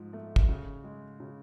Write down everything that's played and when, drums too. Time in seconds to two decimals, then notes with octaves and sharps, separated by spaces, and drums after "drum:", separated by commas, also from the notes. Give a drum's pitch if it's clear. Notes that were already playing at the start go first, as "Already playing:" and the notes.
Already playing: G#2 F3
0.13 A3
0.36 drum: kick
0.49 C#3
0.84 G#3
1.20 C#3